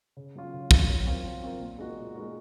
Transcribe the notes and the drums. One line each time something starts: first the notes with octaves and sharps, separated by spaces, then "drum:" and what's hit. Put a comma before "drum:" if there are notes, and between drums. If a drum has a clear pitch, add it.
C#3
F#3 C#4 F4
C#3
F#3 C#4 F4, drum: kick
F#3
C4 F4 A#4
F#3
C4 F4 A#4
A#2
G#3 D#4 F#4 A#4
A#2
G#3 D#4 F#4 A#4